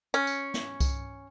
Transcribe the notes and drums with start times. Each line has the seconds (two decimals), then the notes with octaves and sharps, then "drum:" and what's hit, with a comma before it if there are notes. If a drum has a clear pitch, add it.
0.14 C#4
0.27 drum: tambourine
0.54 drum: snare
0.80 drum: kick C2, tambourine